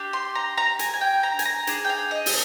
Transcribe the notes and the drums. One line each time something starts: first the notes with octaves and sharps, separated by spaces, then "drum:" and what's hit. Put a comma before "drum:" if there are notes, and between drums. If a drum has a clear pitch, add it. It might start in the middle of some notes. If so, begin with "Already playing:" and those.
Already playing: D4 G4
C6
A#5
A#5
G#5, drum: hi-hat
G#5
G5
A#5
G#5, drum: hi-hat
A#5
D4 G#4, drum: hi-hat
G5
F5
D#5
drum: open hi-hat